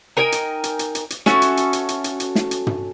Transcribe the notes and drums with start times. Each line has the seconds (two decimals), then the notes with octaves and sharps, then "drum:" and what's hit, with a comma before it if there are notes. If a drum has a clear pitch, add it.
0.17 D#4 A#4 G5 G#5
0.32 drum: hi-hat
0.64 drum: hi-hat
0.79 drum: hi-hat
0.95 drum: hi-hat
1.10 drum: hi-hat
1.26 C#4 F#4 A4 E5, drum: snare
1.42 drum: hi-hat
1.57 drum: hi-hat
1.73 drum: hi-hat
1.89 drum: hi-hat
2.04 drum: hi-hat
2.20 drum: hi-hat
2.35 drum: snare
2.51 drum: hi-hat
2.67 drum: tom